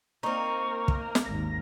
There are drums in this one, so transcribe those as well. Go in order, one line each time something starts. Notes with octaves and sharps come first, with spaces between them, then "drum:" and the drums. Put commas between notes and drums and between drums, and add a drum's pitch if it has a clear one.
A#3 C4 D#4 A#4 C#6
drum: kick
drum: snare
G#1 D#2 A#6